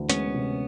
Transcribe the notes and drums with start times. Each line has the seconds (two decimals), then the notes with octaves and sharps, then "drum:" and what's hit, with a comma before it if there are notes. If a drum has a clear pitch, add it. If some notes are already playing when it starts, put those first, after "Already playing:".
Already playing: D2 E3
0.10 G#3 B3 C#4, drum: hi-hat
0.34 C3